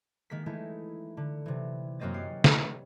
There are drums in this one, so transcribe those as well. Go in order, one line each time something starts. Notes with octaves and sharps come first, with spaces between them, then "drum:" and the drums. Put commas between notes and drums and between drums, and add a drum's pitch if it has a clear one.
D#3 G#3 A#3 B6
E3 G#3 A3 D#4 E4
D3
C3 E3
F#2 F#3 A#3 C4 D#5 A6
B3 C#4 G4 C7
drum: snare